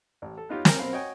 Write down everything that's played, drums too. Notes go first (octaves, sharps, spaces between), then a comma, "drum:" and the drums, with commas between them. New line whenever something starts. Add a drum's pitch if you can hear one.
A1
A4
B3 D#4 F4 G4 C#5
A#4 C#5 G5 G#5 A#5, drum: snare
B2 C4 A#4 C5 F5 B5
F#4 C#5 D#5 G5 G#5